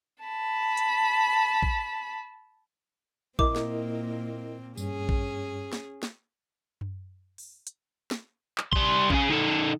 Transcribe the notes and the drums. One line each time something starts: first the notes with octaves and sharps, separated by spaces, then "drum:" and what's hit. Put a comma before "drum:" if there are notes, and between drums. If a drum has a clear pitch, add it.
A5 B5
drum: hi-hat
drum: kick
A#2 A#3 C4 E4 A#4 D#5 D6, drum: kick
drum: snare
G2 C#4 G#4, drum: tambourine
drum: kick
drum: snare
drum: snare
drum: tom F#2
drum: open hi-hat
drum: hi-hat
drum: snare
drum: clap
G3 C6, drum: kick
C#3 G#4, drum: kick
D#3 A4